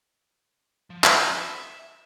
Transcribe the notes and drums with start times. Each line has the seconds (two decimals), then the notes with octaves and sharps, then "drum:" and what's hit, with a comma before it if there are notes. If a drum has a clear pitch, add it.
0.90 F3
1.04 drum: clap
1.16 E5